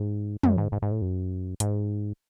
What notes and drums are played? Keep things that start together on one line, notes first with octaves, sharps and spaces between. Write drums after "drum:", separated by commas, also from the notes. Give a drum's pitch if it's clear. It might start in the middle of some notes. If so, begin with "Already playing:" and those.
Already playing: G#2
F#2, drum: tom
G#2
G#2
G#2
A2
F#2
G#2, drum: hi-hat